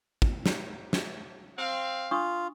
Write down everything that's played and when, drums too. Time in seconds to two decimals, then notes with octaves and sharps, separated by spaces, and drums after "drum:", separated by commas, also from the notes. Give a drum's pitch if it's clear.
0.22 drum: kick
0.46 drum: snare
0.93 drum: snare
1.58 C4 F5
2.11 D4 F4 C#6 D#6